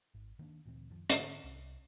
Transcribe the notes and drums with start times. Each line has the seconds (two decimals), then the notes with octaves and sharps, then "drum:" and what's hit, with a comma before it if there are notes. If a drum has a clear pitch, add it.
0.15 G#1
0.39 D#3 A#3 D4
0.66 D2 A#2 E3 C4
0.90 F#2 D#3 F3
1.09 G#2 D3, drum: hi-hat
1.44 C2